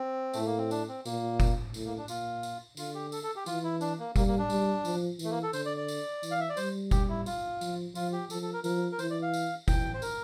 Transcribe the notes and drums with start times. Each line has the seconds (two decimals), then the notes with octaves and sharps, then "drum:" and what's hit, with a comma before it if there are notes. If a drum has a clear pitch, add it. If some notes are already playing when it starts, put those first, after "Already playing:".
Already playing: C4
0.34 A2 A3, drum: tambourine
0.46 A#3
0.58 C4
0.71 D4, drum: tambourine
0.88 C4
1.06 A#2 A#3, drum: tambourine
1.40 drum: kick F#1, tambourine
1.74 A2, drum: tambourine
1.86 A#3
1.98 D4
2.08 A#2 F4, drum: tambourine
2.43 drum: tambourine
2.77 D3 F4, drum: tambourine
2.94 G4
3.12 A4, drum: tambourine
3.23 A4
3.36 G4
3.46 E3 F4, drum: tambourine
3.64 E4
3.81 D4, drum: tambourine
3.99 A#3
4.16 G3 A#3, drum: kick F#1, tambourine
4.27 A#3
4.39 D4
4.50 G3, drum: tambourine
4.85 F3, drum: tambourine
5.19 E3, drum: tambourine
5.24 A3
5.31 A#3
5.43 A4
5.53 D3 C5, drum: tambourine
5.66 D5
5.77 D5
5.88 drum: tambourine
6.23 E3, drum: tambourine
6.31 F5
6.40 E5
6.49 D5
6.57 G3 C5, drum: tambourine
6.91 G4, drum: kick F#1, tambourine
7.09 E4
7.26 F4, drum: tambourine
7.61 F3, drum: tambourine
7.95 F3 F4, drum: tambourine
8.13 G4
8.30 F3 A4, drum: tambourine
8.42 A4
8.53 A#4
8.64 F3 A#4, drum: tambourine
8.92 A#4
8.99 E3 C5, drum: tambourine
9.10 D5
9.22 F5
9.34 drum: tambourine
9.68 E3 G5, drum: kick F#1, tambourine
9.94 C5
10.02 A#4, drum: tambourine